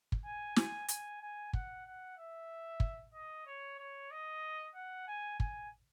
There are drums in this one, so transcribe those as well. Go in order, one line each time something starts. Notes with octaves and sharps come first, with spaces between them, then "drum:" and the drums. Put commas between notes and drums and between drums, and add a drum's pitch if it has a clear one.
drum: kick
G#5
G#5, drum: snare
G#5, drum: hi-hat
G#5
F#5, drum: kick
F#5
E5
drum: kick
D#5
C#5
C#5
D#5
F#5
G#5
G#5, drum: kick